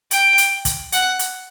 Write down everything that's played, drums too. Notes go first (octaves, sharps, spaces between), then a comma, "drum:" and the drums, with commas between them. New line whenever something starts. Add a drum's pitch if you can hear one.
G5, drum: hi-hat
drum: hi-hat
drum: kick, hi-hat
F#5, drum: hi-hat
drum: hi-hat